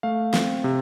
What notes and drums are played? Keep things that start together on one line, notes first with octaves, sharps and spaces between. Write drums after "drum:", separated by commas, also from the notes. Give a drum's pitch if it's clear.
A3 F5
C4, drum: snare
C3